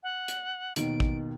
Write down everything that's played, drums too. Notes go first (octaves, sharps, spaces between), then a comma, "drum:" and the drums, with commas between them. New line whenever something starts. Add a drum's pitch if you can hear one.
F#5
drum: hi-hat
D#2 B2 D#3 D7, drum: hi-hat
drum: kick